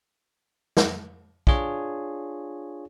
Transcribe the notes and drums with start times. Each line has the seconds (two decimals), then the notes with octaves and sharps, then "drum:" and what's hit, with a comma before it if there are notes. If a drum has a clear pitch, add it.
0.77 drum: snare
1.47 D4 F4 G#4 C#5, drum: kick